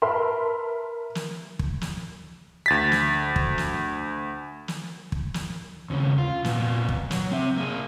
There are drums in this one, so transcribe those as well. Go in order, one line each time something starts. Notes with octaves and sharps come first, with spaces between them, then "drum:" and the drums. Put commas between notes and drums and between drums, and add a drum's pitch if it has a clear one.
A#4 B4 E5 A5 B5 C6
drum: snare
drum: kick
drum: snare
D2 A6 B6
drum: snare
drum: kick
drum: snare
drum: snare
drum: kick
drum: snare
D#2 C#3
F4
A#2 B3, drum: snare
drum: kick
F#3, drum: snare
C4 E5
A#3 G#4